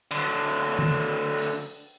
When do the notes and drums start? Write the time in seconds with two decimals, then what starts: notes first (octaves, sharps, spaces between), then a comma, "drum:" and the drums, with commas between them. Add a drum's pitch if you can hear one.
0.11 D3 F#3, drum: cymbal
0.79 drum: tom D#3
1.38 drum: open hi-hat